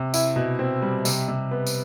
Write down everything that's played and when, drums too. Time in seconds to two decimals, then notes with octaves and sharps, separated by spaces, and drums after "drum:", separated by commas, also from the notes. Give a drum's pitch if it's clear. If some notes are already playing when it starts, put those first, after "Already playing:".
Already playing: C3
0.14 E4, drum: tambourine
0.36 B2
0.59 C4
0.82 G3
1.05 C3, drum: tambourine
1.28 C3
1.51 B3
1.67 drum: tambourine